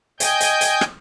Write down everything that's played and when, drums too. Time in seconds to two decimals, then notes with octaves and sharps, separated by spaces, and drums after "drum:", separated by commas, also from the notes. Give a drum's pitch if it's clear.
0.20 D#5 G5 G#5 G6, drum: hi-hat
0.41 drum: hi-hat
0.61 drum: hi-hat
0.81 drum: rim click